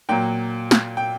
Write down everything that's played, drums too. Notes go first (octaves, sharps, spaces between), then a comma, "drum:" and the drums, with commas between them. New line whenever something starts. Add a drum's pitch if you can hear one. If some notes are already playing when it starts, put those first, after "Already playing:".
A#2 F#3 A#3 G5
drum: snare
G5